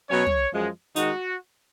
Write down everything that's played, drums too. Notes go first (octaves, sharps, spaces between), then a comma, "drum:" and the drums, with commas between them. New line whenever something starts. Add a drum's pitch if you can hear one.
B2 F#3 C#4 C#5
drum: tom
F#2 F3 G#3
D#3 G#3 D#4 F#4, drum: hi-hat